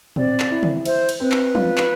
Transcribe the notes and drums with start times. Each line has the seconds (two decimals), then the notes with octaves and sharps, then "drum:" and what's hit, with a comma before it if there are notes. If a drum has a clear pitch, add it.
0.16 C4 D5, drum: tom
0.40 drum: clap
0.51 E4
0.63 drum: tom
0.85 C5 E5, drum: cymbal
1.09 drum: cymbal
1.20 C4 B4
1.32 drum: clap
1.55 F4, drum: tom
1.78 drum: clap